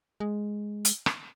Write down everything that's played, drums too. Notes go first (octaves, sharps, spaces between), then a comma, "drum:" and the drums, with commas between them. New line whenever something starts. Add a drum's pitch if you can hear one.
G#3
drum: hi-hat
drum: rim click